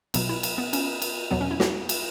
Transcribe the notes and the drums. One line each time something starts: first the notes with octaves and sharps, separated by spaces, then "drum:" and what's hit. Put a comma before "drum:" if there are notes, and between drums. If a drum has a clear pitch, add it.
B1 B2 F#3 B3, drum: cymbal
E4
drum: cymbal
B3
C#4, drum: cymbal
drum: cymbal
E2 B2 F#3 B3
C#4
E4
F#4, drum: snare
drum: cymbal